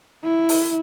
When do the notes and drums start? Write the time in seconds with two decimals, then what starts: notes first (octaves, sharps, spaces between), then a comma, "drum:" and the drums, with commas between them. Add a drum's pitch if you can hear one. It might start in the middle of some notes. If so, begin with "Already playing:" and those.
0.24 E4
0.49 drum: open hi-hat